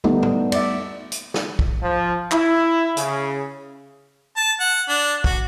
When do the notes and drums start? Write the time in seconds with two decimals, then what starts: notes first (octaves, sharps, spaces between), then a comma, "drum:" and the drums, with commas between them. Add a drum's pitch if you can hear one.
0.04 G3 A3 B3 D#4, drum: tom
0.23 drum: tom A2
0.52 D5 E5, drum: cymbal
1.12 drum: hi-hat
1.34 drum: snare
1.59 drum: kick
1.82 F3
2.31 E4, drum: clap
2.97 C#3, drum: hi-hat
4.37 A5
4.60 F#5
4.89 D4
5.24 F#4, drum: kick